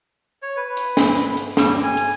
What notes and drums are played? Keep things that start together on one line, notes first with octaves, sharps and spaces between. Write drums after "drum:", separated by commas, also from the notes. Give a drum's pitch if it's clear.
C#5
B4
drum: hi-hat
drum: snare
drum: hi-hat
drum: hi-hat
G3, drum: snare
G#5
drum: hi-hat